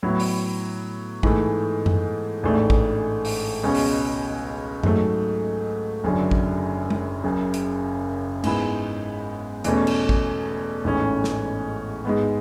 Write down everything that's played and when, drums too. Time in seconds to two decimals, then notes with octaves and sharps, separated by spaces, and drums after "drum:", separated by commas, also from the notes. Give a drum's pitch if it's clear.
0.03 A2 F#3 B3 E4
0.20 drum: open hi-hat
1.23 G#2 E3 A3, drum: kick
1.86 drum: tom F#2
2.43 A1 G#2 E3 A3 D4
2.70 drum: kick
3.25 drum: open hi-hat
3.64 C#2 B2 G#3 C#4
3.75 drum: open hi-hat
4.83 G#2 F#3 A3, drum: tom F#2
6.04 F#1 F#2 D3 F#3
6.31 drum: kick
6.90 drum: tom G#3
7.24 F#1 F#2 C#3
7.54 drum: hi-hat
8.44 G#2 G#3 B3 E4, drum: cymbal
9.64 E2 B2 A3 C#4, drum: hi-hat
9.87 drum: cymbal
10.09 drum: kick
10.84 A1 G#2 E3 A3 C#4
11.24 drum: snare
12.05 G#2 G#3 B3